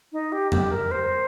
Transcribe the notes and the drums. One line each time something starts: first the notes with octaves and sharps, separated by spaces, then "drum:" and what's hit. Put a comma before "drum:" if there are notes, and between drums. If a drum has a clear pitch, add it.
D#4
G4
G4, drum: tom F2
A#4
C5